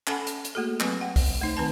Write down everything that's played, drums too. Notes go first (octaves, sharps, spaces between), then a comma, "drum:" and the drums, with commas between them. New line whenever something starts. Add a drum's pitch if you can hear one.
C#4 A4 F#5 G#5 B5, drum: clap
drum: hi-hat
drum: hi-hat
A3 A#3 F#4 G#4 A4
F#3 C4 B4 G#5, drum: clap
F#5 G5
drum: kick B1, open hi-hat
A3 D#4 C5
D#3 C4 B4 G#5 A5